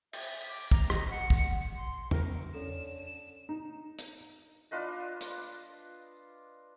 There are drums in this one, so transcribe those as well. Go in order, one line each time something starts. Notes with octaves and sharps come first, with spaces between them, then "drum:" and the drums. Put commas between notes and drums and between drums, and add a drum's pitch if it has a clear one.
E5, drum: cymbal
D6
A#5, drum: kick
D#5, drum: rim click
F#5
F#5, drum: kick
C6
A#4, drum: tom E2
D3 C#4 A4 E7
D#4
drum: hi-hat
D4 F4 B4 D#5
drum: hi-hat